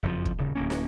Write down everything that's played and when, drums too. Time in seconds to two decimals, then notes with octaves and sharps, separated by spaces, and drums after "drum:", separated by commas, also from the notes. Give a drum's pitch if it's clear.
0.03 F#1 F2 B2 F3
0.25 drum: kick
0.38 D#1 C#3
0.55 D1 D2 A#3 C#4
0.70 drum: snare